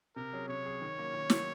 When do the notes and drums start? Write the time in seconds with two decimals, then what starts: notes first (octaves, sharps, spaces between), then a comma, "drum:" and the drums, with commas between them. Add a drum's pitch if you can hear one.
0.16 C3 A#4
0.33 F#3 C#4 G#4
0.49 C3 C#5
0.66 F#3 C#4 G#4
0.81 D#3
0.97 F#3 A#3 C#4
1.14 D#3
1.30 F#3 A#3 C#4, drum: snare